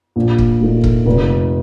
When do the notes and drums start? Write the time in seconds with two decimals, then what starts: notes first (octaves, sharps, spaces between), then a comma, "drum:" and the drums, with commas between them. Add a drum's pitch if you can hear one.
0.16 A#1
0.38 drum: kick E1
0.60 A#2 A3 D#4
0.84 drum: kick E1
1.06 F1